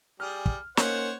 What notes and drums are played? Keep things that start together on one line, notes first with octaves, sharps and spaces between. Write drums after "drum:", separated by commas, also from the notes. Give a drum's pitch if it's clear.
G3 G#4 F6
drum: kick
A#3 C#4 D#4 C5 C#5 F#5, drum: snare